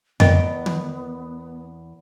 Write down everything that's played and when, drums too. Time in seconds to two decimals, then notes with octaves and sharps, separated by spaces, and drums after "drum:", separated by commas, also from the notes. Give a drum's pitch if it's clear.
0.20 E2 B3 A#4 D#5 G5, drum: tom F2
0.66 drum: tom